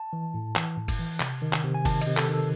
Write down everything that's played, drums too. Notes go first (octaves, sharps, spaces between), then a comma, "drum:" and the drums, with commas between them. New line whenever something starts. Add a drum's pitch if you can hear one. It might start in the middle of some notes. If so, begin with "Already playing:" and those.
Already playing: A5
E3
A2
E3, drum: clap
A2
drum: kick, cymbal
E3
C3, drum: clap
D#3
drum: clap
C3
G#5
D#3 A5, drum: kick, cymbal
D#5, drum: cymbal
C3
A4, drum: clap
D#3 A4